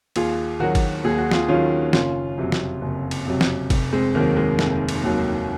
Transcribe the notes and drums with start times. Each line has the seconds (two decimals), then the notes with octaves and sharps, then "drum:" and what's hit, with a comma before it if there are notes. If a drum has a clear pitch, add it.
0.16 D#2 F4 G#4, drum: cymbal
0.60 D#3 F#3 F#4 A#4
0.75 drum: kick G1, cymbal
1.04 D#2 G#4
1.18 F#4
1.31 F4 G#4, drum: snare
1.48 D#3 F#3 C#4 F4
1.93 F#1 C#4 F4, drum: snare
2.38 F2 C3 F#3
2.52 drum: snare
2.81 F#1
3.11 drum: cymbal
3.26 F2 C3 F#3
3.41 drum: snare
3.70 F1, drum: kick G1, cymbal
3.93 G#3 C4
4.15 D#2 D#3 F#3 A#3
4.37 G#3
4.59 F1, drum: snare
4.89 drum: cymbal
5.03 D#2 D#3 F#3